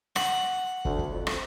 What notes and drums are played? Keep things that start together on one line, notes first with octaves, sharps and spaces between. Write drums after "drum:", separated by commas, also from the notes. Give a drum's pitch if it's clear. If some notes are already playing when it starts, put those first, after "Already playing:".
F#5, drum: rim click
D2, drum: kick
drum: kick
F2
drum: rim click